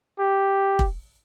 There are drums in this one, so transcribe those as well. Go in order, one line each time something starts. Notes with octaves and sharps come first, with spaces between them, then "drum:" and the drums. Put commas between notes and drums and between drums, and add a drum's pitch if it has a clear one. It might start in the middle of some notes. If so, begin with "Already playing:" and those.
G4
drum: kick